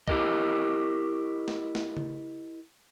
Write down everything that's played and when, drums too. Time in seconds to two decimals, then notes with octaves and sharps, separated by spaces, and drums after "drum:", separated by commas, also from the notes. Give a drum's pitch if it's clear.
0.08 E4 G4 A#4 D#5, drum: kick
1.48 drum: snare
1.75 drum: snare
1.97 drum: tom C#3